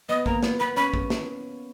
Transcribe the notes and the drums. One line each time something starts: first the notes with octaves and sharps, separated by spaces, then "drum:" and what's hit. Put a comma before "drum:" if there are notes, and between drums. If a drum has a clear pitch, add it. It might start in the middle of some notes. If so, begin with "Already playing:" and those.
B3 D#5
A#3 A#5, drum: kick
B3, drum: snare
B3 B5
C#4 B5
drum: kick
drum: snare